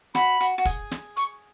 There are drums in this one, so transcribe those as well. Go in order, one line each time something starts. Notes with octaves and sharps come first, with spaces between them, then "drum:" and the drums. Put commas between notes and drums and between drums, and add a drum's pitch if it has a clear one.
F#4 B5, drum: snare
F#4, drum: hi-hat
F#4
G#4, drum: kick, hi-hat
drum: snare
C#6, drum: hi-hat